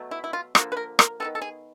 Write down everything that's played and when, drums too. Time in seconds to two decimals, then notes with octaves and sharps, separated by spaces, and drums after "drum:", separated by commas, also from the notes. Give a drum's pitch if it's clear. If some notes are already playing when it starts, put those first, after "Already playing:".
Already playing: B2 F#3 A3
0.11 E4
0.24 E4
0.33 F4
0.55 D3 F3 A#3 F#4, drum: rim click
0.72 B4
0.77 A#4
0.99 A#4, drum: rim click
1.20 D#3 G3 B3 A4
1.35 A4
1.42 G#4